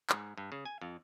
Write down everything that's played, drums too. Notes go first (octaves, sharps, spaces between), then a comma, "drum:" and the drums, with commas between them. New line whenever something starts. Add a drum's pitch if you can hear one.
G#2, drum: clap
G2
C#3
G#5
F2